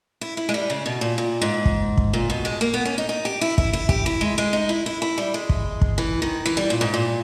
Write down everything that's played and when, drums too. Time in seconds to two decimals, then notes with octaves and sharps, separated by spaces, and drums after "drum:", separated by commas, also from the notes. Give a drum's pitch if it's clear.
0.21 E4
0.37 E4
0.49 G#3
0.54 G3
0.70 C#3
0.86 B2
1.01 A#2
1.18 A#2
1.42 G#2
1.65 drum: kick
1.97 drum: kick
2.13 A#2
2.30 B2
2.45 G#3
2.61 A#3
2.74 B3
2.85 C#4
2.98 D#4
3.09 D#4
3.25 G4
3.41 E4
3.58 E4, drum: kick
3.73 E4
3.89 G4, drum: kick
4.06 E4
4.21 G#3
4.38 G#3
4.53 D#4
4.69 E4
4.86 E4
5.02 E4
5.18 G3
5.34 G#3
5.49 drum: kick
5.81 drum: kick
5.98 E3
6.22 D#3
6.46 E3
6.57 G3
6.70 A#2
6.81 G#2
6.94 A#2